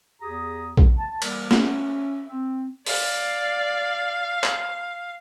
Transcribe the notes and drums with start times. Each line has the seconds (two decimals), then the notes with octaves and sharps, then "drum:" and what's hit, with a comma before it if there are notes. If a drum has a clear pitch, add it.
0.21 E2 G4 G#4 A#5 D#6
0.77 drum: kick A#1
0.97 A5
1.22 E3 G3 A#3 A#4 D5, drum: cymbal
1.51 C#4 E5, drum: snare
2.28 C4
2.86 D5 F5, drum: open hi-hat
4.44 drum: clap